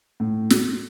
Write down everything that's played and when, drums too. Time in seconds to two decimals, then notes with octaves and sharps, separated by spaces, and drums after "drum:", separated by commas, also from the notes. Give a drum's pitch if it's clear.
0.20 A2
0.50 drum: snare